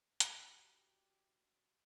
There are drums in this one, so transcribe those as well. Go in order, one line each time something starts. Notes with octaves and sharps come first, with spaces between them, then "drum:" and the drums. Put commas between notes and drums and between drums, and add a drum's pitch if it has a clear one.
D4 E4 F#4 G4 C5 D#5 G5, drum: hi-hat